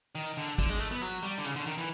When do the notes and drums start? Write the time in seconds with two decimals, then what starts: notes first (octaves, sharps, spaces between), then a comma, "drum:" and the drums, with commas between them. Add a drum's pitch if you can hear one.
0.15 D#3
0.37 D3
0.58 D3, drum: kick G#1, hi-hat
0.69 G#3
0.80 A3
0.91 B3
1.02 F#3
1.23 G3
1.38 D3
1.45 C#3, drum: hi-hat
1.56 D3
1.67 D#3
1.78 E3